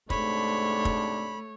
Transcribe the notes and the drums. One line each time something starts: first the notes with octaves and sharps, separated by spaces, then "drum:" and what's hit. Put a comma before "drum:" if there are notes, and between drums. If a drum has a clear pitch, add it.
G#2 C3 A3 D4 C#5 B5, drum: kick
drum: kick